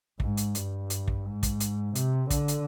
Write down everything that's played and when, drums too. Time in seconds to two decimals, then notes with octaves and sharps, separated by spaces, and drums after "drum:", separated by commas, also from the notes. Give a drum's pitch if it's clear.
0.20 G#2, drum: kick
0.37 drum: hi-hat
0.55 G2, drum: hi-hat
0.90 drum: hi-hat
1.08 drum: kick
1.25 G#2
1.43 drum: kick, hi-hat
1.60 drum: hi-hat
1.95 C3, drum: hi-hat
2.30 D3, drum: kick, hi-hat
2.48 drum: hi-hat